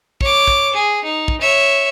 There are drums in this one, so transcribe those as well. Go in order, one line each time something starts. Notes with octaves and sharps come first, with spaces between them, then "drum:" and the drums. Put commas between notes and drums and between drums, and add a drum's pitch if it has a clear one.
C#5 D6, drum: kick
drum: kick
G#4
D#4
drum: kick
C#5 E5